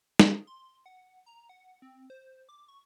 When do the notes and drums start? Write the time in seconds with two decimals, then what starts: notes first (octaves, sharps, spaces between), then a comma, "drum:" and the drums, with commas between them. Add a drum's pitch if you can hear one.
0.19 G#4, drum: snare G#3
0.47 C6
0.86 F#5
1.26 A#5
1.49 F#5
1.82 C4
2.10 C5
2.49 D6
2.68 C#6